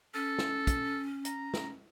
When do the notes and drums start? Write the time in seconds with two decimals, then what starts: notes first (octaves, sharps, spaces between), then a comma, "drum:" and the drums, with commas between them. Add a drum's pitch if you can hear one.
0.14 C#4 A4
0.39 drum: snare
0.67 drum: kick, hi-hat
1.25 A#5, drum: hi-hat
1.54 drum: snare